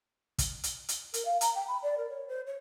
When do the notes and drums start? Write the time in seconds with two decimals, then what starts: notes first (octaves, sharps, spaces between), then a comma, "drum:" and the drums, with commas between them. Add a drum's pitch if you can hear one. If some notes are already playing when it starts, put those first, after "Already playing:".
0.38 drum: kick, hi-hat
0.64 drum: hi-hat
0.89 drum: hi-hat
1.14 A#4, drum: hi-hat
1.25 F5
1.41 A#5, drum: hi-hat
1.55 G5
1.67 B5
1.83 D5
1.98 A#4
2.09 C#5
2.28 C5
2.47 C#5